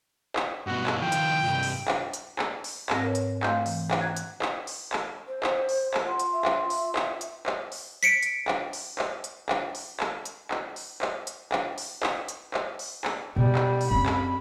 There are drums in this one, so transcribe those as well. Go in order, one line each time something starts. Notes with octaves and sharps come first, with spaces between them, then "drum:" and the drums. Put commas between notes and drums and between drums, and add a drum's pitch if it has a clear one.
drum: clap
G2 B2 F#4
drum: clap
D#3 F3 G5
drum: hi-hat
C2 G2
drum: open hi-hat
drum: clap
drum: hi-hat
drum: clap
drum: open hi-hat
G#2 C4 F#5 A#6, drum: clap
A#4 B4 C#5
drum: hi-hat
A3 F5 G#5 C6 G6, drum: clap
E3, drum: open hi-hat
drum: clap
F#5 A#5 F#6 G#6
drum: hi-hat
drum: clap
drum: open hi-hat
drum: clap
C5
drum: clap
drum: open hi-hat
drum: clap
F4 F#5
drum: hi-hat
E5
drum: clap
drum: open hi-hat
drum: clap
drum: hi-hat
drum: clap
drum: open hi-hat
B6 C#7 D7
drum: hi-hat
drum: clap
drum: open hi-hat
drum: clap
drum: hi-hat
drum: clap
drum: open hi-hat
drum: clap
drum: hi-hat
drum: clap
drum: open hi-hat
drum: clap
drum: hi-hat
drum: clap
drum: open hi-hat
drum: clap
drum: hi-hat
drum: clap
drum: open hi-hat
drum: clap
B2 G3
drum: clap
drum: open hi-hat
F#2 C4 B5
drum: clap